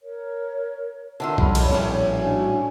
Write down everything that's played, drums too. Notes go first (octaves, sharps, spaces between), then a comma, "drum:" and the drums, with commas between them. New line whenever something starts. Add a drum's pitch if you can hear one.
A#4 C#5
D3 D#3 F4 A#4 E5 E6
A#1 G3 C#5 B5, drum: kick B1
drum: cymbal
A2 A3 C#4 G#5
D4 F#4 G#5